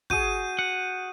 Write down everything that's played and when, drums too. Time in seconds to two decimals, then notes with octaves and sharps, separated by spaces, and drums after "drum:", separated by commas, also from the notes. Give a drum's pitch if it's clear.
0.10 F#4 G#4 G6 D#7, drum: kick
0.59 F#5